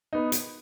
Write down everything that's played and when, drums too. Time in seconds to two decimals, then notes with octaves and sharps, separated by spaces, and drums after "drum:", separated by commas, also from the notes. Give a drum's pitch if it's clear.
0.13 B3 D#4
0.32 drum: hi-hat